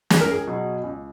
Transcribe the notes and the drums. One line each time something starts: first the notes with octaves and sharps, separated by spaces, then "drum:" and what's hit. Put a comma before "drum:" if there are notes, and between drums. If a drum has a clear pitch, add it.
C#2 G#4, drum: snare
A#4
G#4
B2 F#3
C#2